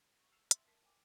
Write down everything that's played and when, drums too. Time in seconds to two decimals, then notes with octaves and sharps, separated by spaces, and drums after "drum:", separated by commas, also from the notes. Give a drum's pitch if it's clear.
0.21 C#6
0.32 E6 F6 C7 C#7 E7 F7
0.51 E5 C6 E6 A6 F#7, drum: hi-hat
0.68 A#4 A5 B6 C7
0.85 G5 G#5 D6